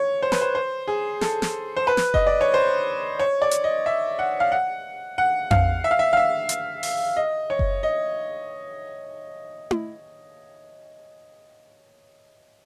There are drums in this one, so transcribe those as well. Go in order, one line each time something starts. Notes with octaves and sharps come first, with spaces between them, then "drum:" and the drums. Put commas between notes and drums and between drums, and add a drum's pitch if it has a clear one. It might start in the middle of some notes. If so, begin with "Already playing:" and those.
Already playing: C#5
C5
B4, drum: snare
C5
C5
G#4
A4, drum: snare
drum: snare
C5
B4
drum: snare
D#5, drum: kick F#1
D5
C#5
C5
C#5
D5
drum: hi-hat
D#5
E5
F#5
F5
F#5
F#5
F5, drum: tom F2
E5
F5
E5
F5
E5
drum: hi-hat
drum: open hi-hat
D#5
C#5
drum: kick F#1
D#5
drum: tom E4